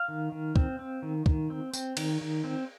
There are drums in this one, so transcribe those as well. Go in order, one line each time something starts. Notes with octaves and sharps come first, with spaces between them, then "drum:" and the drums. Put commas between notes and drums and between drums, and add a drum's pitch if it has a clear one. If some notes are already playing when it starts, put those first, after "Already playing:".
Already playing: F5
D#3
D#3
C4, drum: kick
C4
D#3
D#3, drum: kick
C4
C4, drum: tambourine
D#3, drum: cymbal
D#3
C4